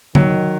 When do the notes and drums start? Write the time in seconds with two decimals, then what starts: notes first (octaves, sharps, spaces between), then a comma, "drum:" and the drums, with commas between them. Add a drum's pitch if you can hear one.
0.15 D#3 F#3, drum: tom D3